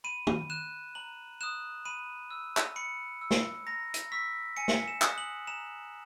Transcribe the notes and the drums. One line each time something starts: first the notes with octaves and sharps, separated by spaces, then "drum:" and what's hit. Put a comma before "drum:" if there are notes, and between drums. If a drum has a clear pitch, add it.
B5 D#7
drum: tom
F#6 E7
A#5 F#7
D#6 F#6 E7
B5 D#7
E6
drum: clap
B5 C#7
E6
drum: snare
A#5 A#6
drum: hi-hat
C#6 E6 B6
G#5 C#7
drum: snare
E7
D#6 F#6, drum: clap
F#7
A#5 E7